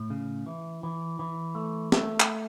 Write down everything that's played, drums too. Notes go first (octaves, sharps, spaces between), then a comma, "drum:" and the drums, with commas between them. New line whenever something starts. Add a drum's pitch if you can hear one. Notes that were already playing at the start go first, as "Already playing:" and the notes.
Already playing: A2
C#3
E3
E3
E3
A3
A3, drum: snare
drum: clap